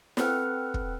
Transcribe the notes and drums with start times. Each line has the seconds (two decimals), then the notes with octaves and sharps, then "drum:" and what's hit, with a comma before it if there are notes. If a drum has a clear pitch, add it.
0.17 C4 A4 B4 F#5 F6, drum: snare
0.74 drum: kick